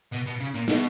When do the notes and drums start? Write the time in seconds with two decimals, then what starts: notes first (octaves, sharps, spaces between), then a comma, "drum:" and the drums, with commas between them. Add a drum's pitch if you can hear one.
0.12 B2
0.26 B2
0.40 C#3
0.54 A#2
0.68 B2, drum: snare